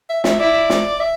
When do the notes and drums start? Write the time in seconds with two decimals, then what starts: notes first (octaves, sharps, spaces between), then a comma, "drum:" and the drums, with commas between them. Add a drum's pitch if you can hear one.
0.10 E5
0.24 E5, drum: snare
0.39 E4 D5
0.70 drum: snare
1.00 E5